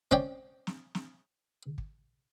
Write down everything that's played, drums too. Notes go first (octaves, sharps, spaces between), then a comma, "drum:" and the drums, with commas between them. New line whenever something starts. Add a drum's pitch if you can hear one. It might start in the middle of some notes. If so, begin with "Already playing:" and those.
C4 C#4 D5 G5, drum: kick
drum: snare
drum: snare
drum: kick